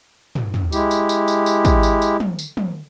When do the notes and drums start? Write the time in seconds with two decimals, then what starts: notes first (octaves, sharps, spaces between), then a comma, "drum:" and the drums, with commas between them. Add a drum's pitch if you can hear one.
0.35 drum: tom
0.54 drum: tom
0.72 G#3 E4 G4, drum: tambourine
0.91 drum: tambourine
1.09 drum: tambourine
1.28 drum: tambourine
1.46 drum: tambourine
1.65 drum: kick, tambourine
1.83 drum: tambourine
2.02 drum: tambourine
2.20 drum: tom
2.39 drum: tambourine
2.57 drum: tom